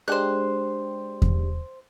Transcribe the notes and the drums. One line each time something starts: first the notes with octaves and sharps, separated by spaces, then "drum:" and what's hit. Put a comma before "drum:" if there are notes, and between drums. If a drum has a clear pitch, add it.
G#3 D4 G4 C5 F#6
drum: kick E2